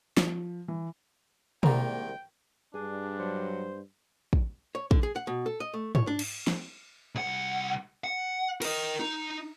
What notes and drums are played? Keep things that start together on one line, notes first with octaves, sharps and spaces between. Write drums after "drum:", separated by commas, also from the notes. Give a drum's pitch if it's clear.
F3, drum: snare
E3
C2 G#2 D#3 A#3 D5 G5 A#5, drum: tom B2
G2 D4 G#4
F#3 C5
drum: kick
C#5
D3, drum: kick
G#4
F#5
B2
A4
D#5
A3
C#5, drum: tom G#2
D4
drum: cymbal
drum: snare
C2 F#5
F#5
A#4 D#5, drum: cymbal
D#4